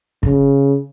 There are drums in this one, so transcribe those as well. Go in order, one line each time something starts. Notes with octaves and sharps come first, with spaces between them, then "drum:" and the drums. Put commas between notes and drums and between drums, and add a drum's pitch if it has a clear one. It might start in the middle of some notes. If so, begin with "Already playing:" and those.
C#3, drum: kick